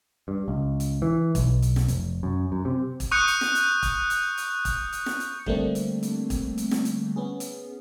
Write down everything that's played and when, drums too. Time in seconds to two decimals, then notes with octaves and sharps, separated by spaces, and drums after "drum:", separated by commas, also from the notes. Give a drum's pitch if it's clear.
0.28 G2
0.48 C#2
0.80 drum: hi-hat
1.02 E3
1.35 B1, drum: kick, hi-hat
1.62 drum: hi-hat
1.76 drum: snare
1.88 F1, drum: hi-hat
2.23 F#2
2.52 F#2
2.65 C3
3.00 drum: kick, hi-hat
3.11 C#6 D#6 F#6 G6 C#7
3.27 drum: hi-hat
3.41 drum: snare
3.55 drum: hi-hat
3.83 drum: kick, hi-hat
4.10 drum: hi-hat
4.38 drum: hi-hat
4.65 drum: kick, hi-hat
4.93 drum: hi-hat
5.06 drum: snare
5.20 drum: hi-hat
5.46 D3 G3 A3 A#3 C4 D4, drum: kick
5.75 drum: hi-hat
6.03 drum: hi-hat
6.30 drum: kick, hi-hat
6.58 drum: hi-hat
6.71 drum: snare
6.85 drum: hi-hat
7.16 B3 C#4 G#4
7.40 drum: hi-hat